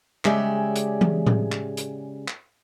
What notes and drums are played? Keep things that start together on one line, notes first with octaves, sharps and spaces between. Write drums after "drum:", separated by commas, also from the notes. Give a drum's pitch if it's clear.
C#3 G#3 G4 C#5 D5 E5, drum: clap
drum: hi-hat
drum: tom E3
drum: tom A2
drum: clap
drum: hi-hat
drum: clap